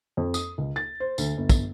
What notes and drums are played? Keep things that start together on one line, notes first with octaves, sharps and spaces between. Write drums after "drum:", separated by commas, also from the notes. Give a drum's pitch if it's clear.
F2
D#6, drum: tambourine
C#2
A6
C5
D2, drum: tambourine
G1
drum: kick, tambourine